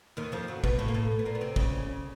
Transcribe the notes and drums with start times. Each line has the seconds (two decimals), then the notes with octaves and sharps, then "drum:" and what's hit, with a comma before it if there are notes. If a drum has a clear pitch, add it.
0.17 D#2 D#3
0.32 F2 F3
0.48 F#2 F#3
0.64 B2 B3, drum: kick
0.79 A2 A3
0.88 A#3
0.94 A2 A3
1.19 B3
1.25 A#2 A#3
1.35 B3
1.41 C3 C4
1.56 C#3 C#4, drum: kick